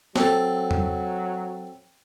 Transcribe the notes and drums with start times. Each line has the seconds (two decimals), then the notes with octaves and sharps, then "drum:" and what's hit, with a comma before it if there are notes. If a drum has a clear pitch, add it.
0.16 F#3 C4 A4, drum: snare
0.71 drum: tom E2